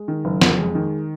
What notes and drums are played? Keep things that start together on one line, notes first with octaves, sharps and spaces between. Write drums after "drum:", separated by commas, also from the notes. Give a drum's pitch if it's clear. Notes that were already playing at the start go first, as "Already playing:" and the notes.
Already playing: G#3
D#3
F#1
F2, drum: snare
G#3
D#3